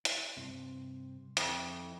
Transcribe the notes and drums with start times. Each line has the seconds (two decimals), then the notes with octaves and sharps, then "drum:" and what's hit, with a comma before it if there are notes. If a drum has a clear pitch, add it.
0.05 E4, drum: hi-hat
0.37 G2 C3 C4
1.37 F2 E4, drum: hi-hat